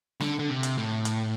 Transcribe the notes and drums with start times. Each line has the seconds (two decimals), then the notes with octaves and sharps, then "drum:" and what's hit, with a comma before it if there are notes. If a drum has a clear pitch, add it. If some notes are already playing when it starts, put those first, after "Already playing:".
0.20 D3, drum: snare
0.39 D3
0.50 C3
0.63 drum: hi-hat
0.78 A2
1.05 drum: hi-hat